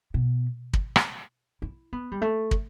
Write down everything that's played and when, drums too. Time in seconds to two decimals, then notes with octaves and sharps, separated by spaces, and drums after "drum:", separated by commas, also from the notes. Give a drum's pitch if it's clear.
0.14 B2
0.73 drum: kick
0.96 drum: rim click
1.62 E4
1.93 B3
2.12 G3
2.21 A3
2.51 drum: kick